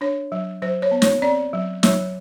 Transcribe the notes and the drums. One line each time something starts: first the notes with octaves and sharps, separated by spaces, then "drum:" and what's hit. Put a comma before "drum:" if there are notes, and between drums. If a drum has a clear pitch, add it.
D4 C#5
F#3
F#3 C5
C#5
B3
C#5, drum: snare
C4 D5
F#3
F#3 C#5, drum: snare